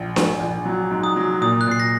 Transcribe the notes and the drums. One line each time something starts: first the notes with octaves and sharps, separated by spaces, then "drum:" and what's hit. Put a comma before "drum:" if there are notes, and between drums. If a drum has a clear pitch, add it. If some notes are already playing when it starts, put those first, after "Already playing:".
Already playing: A#1
A#1 G#5, drum: snare D4
A#1
F#3
G#2
D#6
F#3
A#2 D#6
F#6
A#2 C7
A#6